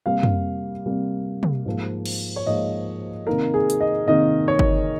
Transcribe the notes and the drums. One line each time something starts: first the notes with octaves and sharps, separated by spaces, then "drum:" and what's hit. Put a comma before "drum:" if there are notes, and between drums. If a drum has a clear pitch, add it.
C3 G3 A#3 F5
drum: tom
C3 G3 A#3
drum: tom
G#2 F3 A#3
drum: cymbal
C#5
G#2 F3 A#3 D#5
C3 D#3 A#3 A#4
G#4
drum: hi-hat
D#5
C3 D#3 A#3 D#5
C#5
drum: kick G1